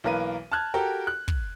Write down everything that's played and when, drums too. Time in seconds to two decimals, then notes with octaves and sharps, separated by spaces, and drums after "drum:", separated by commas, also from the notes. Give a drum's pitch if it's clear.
0.04 B1 E3 A#3 A#4 B4 D#7
0.52 A5 F6 F#6 G#6
0.74 F#4 G4 A4 A#4 G5
1.07 F#6
1.28 drum: kick